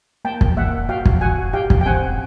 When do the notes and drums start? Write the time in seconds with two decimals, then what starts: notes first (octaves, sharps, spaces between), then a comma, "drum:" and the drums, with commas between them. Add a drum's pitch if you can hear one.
0.25 A#3 G5 A5
0.41 drum: kick
0.57 A#3 E5 F#5
0.89 F#4 F5 G5
1.05 drum: kick
1.21 F#4 F#5 G#5
1.53 G4 F5 G5
1.70 drum: kick
1.81 G5
1.86 C4 F#5 G#5